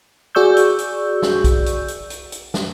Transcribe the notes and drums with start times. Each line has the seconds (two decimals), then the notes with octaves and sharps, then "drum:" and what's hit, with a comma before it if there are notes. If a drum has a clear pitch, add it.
0.35 F#4 G#4 D5 C#6 E6 G6
0.57 drum: hi-hat
0.79 drum: hi-hat
1.22 drum: snare
1.44 drum: kick B1, hi-hat
1.66 drum: hi-hat
1.88 drum: hi-hat
2.10 drum: hi-hat
2.32 drum: hi-hat
2.54 drum: snare